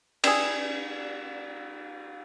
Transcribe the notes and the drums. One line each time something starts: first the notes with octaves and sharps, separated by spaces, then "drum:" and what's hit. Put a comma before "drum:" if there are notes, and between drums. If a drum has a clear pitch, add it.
G3 E4 G#4, drum: cymbal